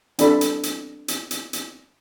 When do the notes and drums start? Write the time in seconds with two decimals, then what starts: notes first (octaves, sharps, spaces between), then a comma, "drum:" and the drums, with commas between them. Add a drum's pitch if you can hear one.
0.19 C4 D4 E4 A4 B5, drum: hi-hat
0.41 drum: hi-hat
0.63 drum: hi-hat
1.08 drum: hi-hat
1.31 drum: hi-hat
1.53 drum: hi-hat